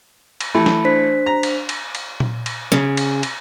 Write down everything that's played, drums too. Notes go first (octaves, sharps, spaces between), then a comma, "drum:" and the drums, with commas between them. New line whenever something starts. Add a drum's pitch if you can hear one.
drum: cymbal
E3 A3 B5
drum: snare
D4 C5 B6
A#5
drum: cymbal
drum: cymbal
drum: cymbal
drum: tom A#2
drum: cymbal
C#3, drum: snare
drum: cymbal
drum: cymbal